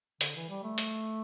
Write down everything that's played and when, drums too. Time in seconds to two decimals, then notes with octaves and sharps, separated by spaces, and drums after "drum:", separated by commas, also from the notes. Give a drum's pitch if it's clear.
0.21 D3, drum: hi-hat
0.36 E3
0.50 G3
0.63 A3
0.78 drum: hi-hat